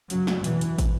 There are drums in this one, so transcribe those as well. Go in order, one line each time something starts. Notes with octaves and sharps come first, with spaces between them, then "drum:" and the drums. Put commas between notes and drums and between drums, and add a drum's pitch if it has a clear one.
F#2 C#3 F#3, drum: hi-hat
drum: snare
E2 B2 E3, drum: hi-hat
drum: hi-hat
drum: kick, hi-hat